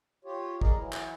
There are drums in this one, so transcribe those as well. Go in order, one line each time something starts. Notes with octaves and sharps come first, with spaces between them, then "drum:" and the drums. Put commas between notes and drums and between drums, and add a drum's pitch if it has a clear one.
F4 G4 C#5
A2 G#4 A#4 D5 D#5 A#5, drum: kick
E3 F#3 E4
drum: clap